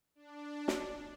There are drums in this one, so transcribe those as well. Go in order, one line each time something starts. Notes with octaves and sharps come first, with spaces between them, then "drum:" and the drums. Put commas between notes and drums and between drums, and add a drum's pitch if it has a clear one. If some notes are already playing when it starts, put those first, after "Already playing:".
D4
drum: snare